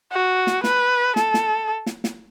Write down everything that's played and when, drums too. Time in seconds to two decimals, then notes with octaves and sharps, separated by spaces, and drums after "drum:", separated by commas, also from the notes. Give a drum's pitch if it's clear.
0.12 F#4
0.47 drum: snare
0.64 B4, drum: snare
1.16 A4, drum: snare
1.34 drum: snare
1.86 drum: snare
2.04 drum: snare